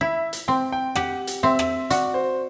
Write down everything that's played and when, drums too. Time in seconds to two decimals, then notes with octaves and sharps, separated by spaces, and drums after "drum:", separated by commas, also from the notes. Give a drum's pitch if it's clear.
0.01 E4 E5
0.33 drum: hi-hat
0.48 C4 G5
0.72 G5
0.95 G4 F#5, drum: rim click
1.27 drum: hi-hat
1.43 C4 E5
1.59 drum: rim click
1.90 F#4 D5, drum: hi-hat
2.14 C5